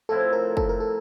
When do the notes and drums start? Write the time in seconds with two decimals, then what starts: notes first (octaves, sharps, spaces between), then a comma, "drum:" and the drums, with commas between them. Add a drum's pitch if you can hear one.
0.09 A2 F3 C4 E4 A4
0.33 A#4
0.57 A4, drum: kick
0.69 A#4
0.80 A4